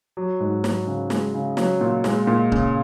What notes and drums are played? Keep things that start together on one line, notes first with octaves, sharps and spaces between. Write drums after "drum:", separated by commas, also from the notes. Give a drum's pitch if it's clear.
F#3
G#2
F#3, drum: snare
C#3
G#3, drum: snare
C#3
F#3, drum: snare
A#2
G#3, drum: snare
A#2
C#3, drum: kick C#1